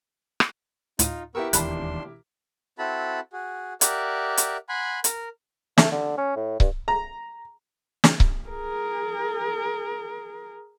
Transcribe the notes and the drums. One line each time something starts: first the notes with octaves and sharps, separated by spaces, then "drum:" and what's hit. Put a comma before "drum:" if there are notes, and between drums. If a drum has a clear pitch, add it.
drum: rim click
D2 A2 D#4 F4 D#7, drum: hi-hat
B3 E4 G4 A#4 C#6 E6
E1 D#2 E3 D4 A5 B5 C6 F#6, drum: hi-hat
C4 E4 F#4 A4 A5 B5
F#4 G#4
G4 A#4 D5 E5 F#5, drum: hi-hat
drum: hi-hat
F#5 G#5 B5 C6
A#4, drum: hi-hat
A3, drum: snare
D3
C#4
A2
G2, drum: kick C#1
A#5
drum: snare
drum: kick C#1
G#4 A#4